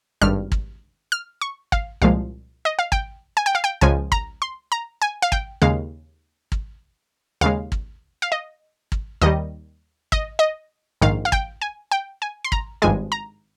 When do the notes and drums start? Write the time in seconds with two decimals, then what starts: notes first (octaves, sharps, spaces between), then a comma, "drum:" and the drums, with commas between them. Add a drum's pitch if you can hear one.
0.21 G#1 G2 G3 F6
0.52 drum: kick
1.12 F6
1.41 C#6
1.72 F5, drum: kick
2.02 C2 A#2 F3 G#3 F5
2.65 D#5
2.79 F5
2.92 G5, drum: kick
3.37 G#5
3.46 G5
3.55 F5
3.64 G5
3.81 C#2 C#3 F3 G#3 G#5
4.12 A#5, drum: kick
4.42 C6
4.72 A#5
5.02 G#5
5.22 F5
5.32 G5, drum: kick
5.62 D#2 C#3 G#3 F5
6.52 drum: kick
7.41 D#2 C#3 G#3 F5
7.72 drum: kick
8.22 F5
8.32 D#5
8.92 drum: kick
9.21 D#2 D#3 G3 D#5
10.12 D#5, drum: kick
10.39 D#5
11.02 A#1 G#2 D#3 F5
11.25 F5
11.32 G5, drum: kick
11.62 G#5
11.92 G5
12.22 G#5
12.44 C6
12.52 A#5, drum: kick
12.82 G#1 G2 F3 G#3 G#5
13.12 A#5